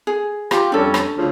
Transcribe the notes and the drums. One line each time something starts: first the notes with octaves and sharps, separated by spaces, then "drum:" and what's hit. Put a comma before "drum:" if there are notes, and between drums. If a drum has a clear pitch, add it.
G#4
F4 G4, drum: rim click
F2 G3 C#4 D4 A4
drum: rim click
D2 C#3 F3